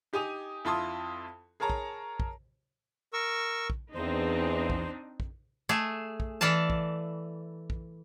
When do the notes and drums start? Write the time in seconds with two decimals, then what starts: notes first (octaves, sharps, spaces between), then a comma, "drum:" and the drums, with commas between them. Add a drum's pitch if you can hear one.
0.13 D#4 G4 G#5 D#6 D#7 F7
0.65 F2 E4 F4 A5 C6 D#6
1.60 G#4 A#4 C#5 A5 A#5
1.70 drum: kick
2.20 drum: kick
3.13 A#4 C#6 E6
3.70 drum: kick
3.95 E2 C4 D4 D#4 C5
4.70 drum: kick
5.20 drum: kick
5.69 A3 G#4
6.20 drum: kick
6.41 E3 A4 D5 F5 A5
6.70 drum: kick
7.70 drum: kick